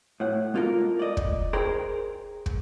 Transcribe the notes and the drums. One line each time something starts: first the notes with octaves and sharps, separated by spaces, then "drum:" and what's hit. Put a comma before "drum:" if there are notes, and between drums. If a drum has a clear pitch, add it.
A2 F#5
G#3 A#3 F4 A4 A#4
D5 D#5
drum: kick
G#4 A#4 C5 G5 A#5
drum: kick